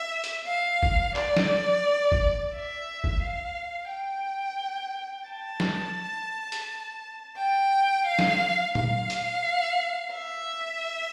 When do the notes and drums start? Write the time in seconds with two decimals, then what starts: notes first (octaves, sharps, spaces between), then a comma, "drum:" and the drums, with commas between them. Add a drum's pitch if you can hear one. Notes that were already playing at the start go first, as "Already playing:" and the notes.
Already playing: E5
0.24 drum: hi-hat
0.47 F5
0.83 drum: kick
1.16 D5, drum: clap
1.36 drum: snare
2.12 drum: kick
2.54 E5
3.04 drum: kick
3.22 F5
3.91 G5
5.30 A5
5.60 drum: snare
6.52 drum: hi-hat
7.37 G5
8.06 F5
8.19 drum: snare
8.75 F5, drum: tom A#2
9.10 drum: hi-hat
10.14 E5